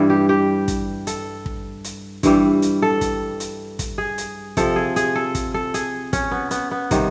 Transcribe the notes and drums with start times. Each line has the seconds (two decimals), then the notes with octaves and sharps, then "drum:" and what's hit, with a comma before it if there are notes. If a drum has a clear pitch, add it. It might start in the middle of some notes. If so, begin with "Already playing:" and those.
Already playing: G2 E3 G3
0.10 G4
0.29 G4
0.68 drum: kick, hi-hat
1.07 A4, drum: hi-hat
1.46 drum: kick
1.85 drum: hi-hat
2.23 G2 E3 G3, drum: kick, hi-hat
2.62 drum: hi-hat
2.82 A4
3.01 drum: kick, hi-hat
3.40 drum: hi-hat
3.79 drum: kick, hi-hat
3.98 G#4
4.18 drum: hi-hat
4.57 C3 F3 A4, drum: kick, hi-hat
4.76 G#4
4.96 G#4, drum: hi-hat
5.15 A4
5.35 drum: kick, hi-hat
5.54 A4
5.74 G#4, drum: hi-hat
6.13 C#4, drum: kick, hi-hat
6.31 B3
6.51 B3, drum: hi-hat
6.71 B3
6.91 C3 D#3 G3, drum: kick, hi-hat